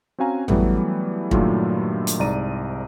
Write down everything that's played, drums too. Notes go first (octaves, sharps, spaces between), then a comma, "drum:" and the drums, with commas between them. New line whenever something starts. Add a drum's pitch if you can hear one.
C4 C#4 F#4 F5 G#5 A#5
E3 F#3 G3 A3 B3, drum: tom A1
G2 A#2 D#3 F#3 A3 F4, drum: kick
drum: hi-hat
C2 G#2 D5 A#5 D#7